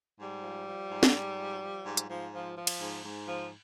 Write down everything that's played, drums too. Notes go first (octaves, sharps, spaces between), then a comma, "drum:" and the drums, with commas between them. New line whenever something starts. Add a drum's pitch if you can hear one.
G#2 G3
F3
F3
G#2
drum: snare
G#2
F3
F3
G#2
drum: hi-hat
G#2 F3
F3
F3
drum: cymbal
G#2
G#2
F3